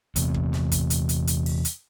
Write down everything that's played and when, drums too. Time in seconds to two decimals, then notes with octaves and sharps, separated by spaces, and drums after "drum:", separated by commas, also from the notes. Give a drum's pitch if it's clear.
0.16 E2 C3, drum: hi-hat
0.34 drum: kick
0.53 drum: snare
0.72 drum: kick, hi-hat
0.90 drum: hi-hat
1.09 drum: hi-hat
1.27 drum: hi-hat
1.46 drum: open hi-hat
1.65 drum: hi-hat